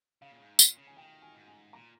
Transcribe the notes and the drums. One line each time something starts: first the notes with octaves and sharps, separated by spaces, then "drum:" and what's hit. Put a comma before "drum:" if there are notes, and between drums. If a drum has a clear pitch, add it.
C#3 F5
A#2
G#2
A#2, drum: tambourine
C#3
G#5
D#3 G5
G#5
G#2
G#5
A#2 A#5